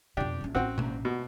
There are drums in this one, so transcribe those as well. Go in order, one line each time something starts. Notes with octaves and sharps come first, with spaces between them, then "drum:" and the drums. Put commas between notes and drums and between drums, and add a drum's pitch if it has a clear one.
F2 B2 D4 G4
A#1 C#4
A1 C4 C#4 F#4
drum: tom B2
B2